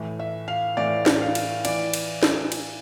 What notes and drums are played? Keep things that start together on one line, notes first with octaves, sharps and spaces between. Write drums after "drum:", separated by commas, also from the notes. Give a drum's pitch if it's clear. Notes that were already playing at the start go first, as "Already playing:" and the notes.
Already playing: A2 E3
E5
F5
A2 E3 D5
drum: snare
F5
drum: cymbal
E3 D5, drum: cymbal
drum: cymbal
drum: snare
drum: cymbal